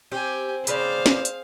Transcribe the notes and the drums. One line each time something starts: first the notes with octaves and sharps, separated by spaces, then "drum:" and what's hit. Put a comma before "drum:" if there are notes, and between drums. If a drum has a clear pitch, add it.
C4 G4 G5 G#5
C#3 G#4 B4 C5 D5 F5, drum: hi-hat
drum: snare
drum: hi-hat